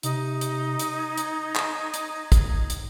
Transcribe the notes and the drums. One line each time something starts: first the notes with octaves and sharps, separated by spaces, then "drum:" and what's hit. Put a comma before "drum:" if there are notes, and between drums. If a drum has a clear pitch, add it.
C3 D#4, drum: hi-hat
drum: hi-hat
drum: hi-hat
G#6
drum: hi-hat
drum: clap
drum: hi-hat
drum: kick, hi-hat
drum: hi-hat